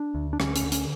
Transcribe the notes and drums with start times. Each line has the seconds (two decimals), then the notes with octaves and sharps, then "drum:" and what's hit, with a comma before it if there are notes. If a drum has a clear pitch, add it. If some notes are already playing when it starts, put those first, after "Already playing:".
Already playing: D4
0.15 D2
0.33 D4
0.40 D2 C#4, drum: rim click
0.56 C#4, drum: hi-hat
0.64 D3
0.72 C#4, drum: hi-hat